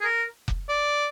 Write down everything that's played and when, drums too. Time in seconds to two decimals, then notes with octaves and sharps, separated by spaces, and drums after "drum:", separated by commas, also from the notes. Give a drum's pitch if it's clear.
0.01 G#4
0.04 A#4
0.48 drum: kick F1
0.69 D5